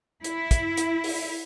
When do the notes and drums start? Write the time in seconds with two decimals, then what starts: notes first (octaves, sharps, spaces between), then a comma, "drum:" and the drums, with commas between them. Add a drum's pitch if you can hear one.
0.24 E4, drum: hi-hat
0.51 drum: kick, hi-hat
0.77 drum: hi-hat
1.04 drum: open hi-hat